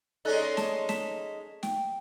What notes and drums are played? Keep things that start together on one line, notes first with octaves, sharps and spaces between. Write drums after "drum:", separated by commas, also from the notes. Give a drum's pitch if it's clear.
G#3 C#4 D#4 A4 D5 F#6
A5, drum: snare
A5 B6 E7, drum: snare
G5, drum: snare